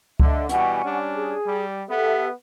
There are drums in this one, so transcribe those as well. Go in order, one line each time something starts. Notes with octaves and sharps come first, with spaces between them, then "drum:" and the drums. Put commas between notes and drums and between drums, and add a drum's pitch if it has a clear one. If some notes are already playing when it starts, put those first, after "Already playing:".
D3 D#5 E5, drum: kick C#2
B2 E3 G3 F#5 G#5 C#6, drum: hi-hat
G3 C#4 D4
G#4
G3
B3 G4 A4 E5